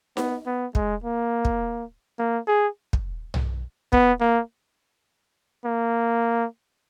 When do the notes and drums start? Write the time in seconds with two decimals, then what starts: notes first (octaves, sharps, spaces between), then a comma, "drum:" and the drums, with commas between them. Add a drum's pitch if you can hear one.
0.17 B3, drum: snare D#4
0.46 B3
0.75 G#3, drum: kick
1.04 A#3
1.45 drum: kick
2.19 A#3
2.47 G#4
2.93 drum: kick
3.34 drum: tom B1
3.93 B3, drum: kick
4.21 A#3
5.65 A#3